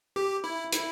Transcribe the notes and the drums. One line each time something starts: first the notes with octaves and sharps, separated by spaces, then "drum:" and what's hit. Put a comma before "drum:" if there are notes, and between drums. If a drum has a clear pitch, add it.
G4
E4
E4, drum: hi-hat